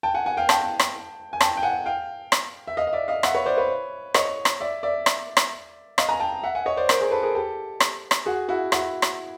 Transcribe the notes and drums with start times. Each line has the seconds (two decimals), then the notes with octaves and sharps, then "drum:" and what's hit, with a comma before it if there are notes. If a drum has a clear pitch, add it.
0.03 G5 A5
0.14 F#5 G#5
0.26 F#5 G#5
0.37 F5 G5
0.49 G5 A5, drum: rim click
0.79 drum: rim click
1.33 G#5
1.41 G5 A5, drum: rim click
1.57 G5
1.63 F#5 G#5
1.86 F5 G5
2.32 drum: rim click
2.67 E5
2.77 D#5 F5
2.87 D#5
2.93 D5 E5
3.08 D#5 F5
3.23 E5 F#5, drum: rim click
3.35 B4 C#5
3.46 C5 D5
3.58 B4 C#5
4.14 C#5 D#5, drum: rim click
4.45 drum: rim click
4.60 D5 E5
4.83 D5 E5
5.06 drum: rim click
5.37 drum: rim click
5.98 D#5 F5, drum: rim click
6.09 G#5 A#5
6.20 G5 A5
6.43 E5 F#5
6.55 F#5 G#5
6.66 C#5 D#5
6.77 C5 D5
6.89 A#4 C5, drum: rim click
7.00 G#4 A#4
7.11 A4 B4
7.23 G#4 A#4
7.35 G4 A4
7.80 drum: rim click
8.11 drum: rim click
8.26 F#4 G#4
8.49 E4 F#4
8.72 E4 F#4, drum: rim click
9.02 drum: rim click